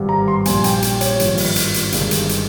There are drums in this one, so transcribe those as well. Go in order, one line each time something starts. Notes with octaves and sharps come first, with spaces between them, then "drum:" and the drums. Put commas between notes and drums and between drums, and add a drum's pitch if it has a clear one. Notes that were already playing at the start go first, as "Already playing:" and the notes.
Already playing: G#1 G2 G3
A#5
C6
A#1 A#2 G3 G#5, drum: hi-hat
G5, drum: hi-hat
drum: hi-hat
C#5, drum: hi-hat
G#1 G2 F3, drum: hi-hat
drum: open hi-hat
drum: hi-hat
drum: hi-hat
G1 G2 D#3 G#3, drum: hi-hat
drum: hi-hat
drum: hi-hat